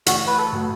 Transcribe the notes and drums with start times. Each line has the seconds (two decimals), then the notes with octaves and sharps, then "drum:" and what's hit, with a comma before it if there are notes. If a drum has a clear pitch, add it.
0.06 A1 F#4, drum: hi-hat
0.27 B4
0.38 A4
0.53 A2 F#3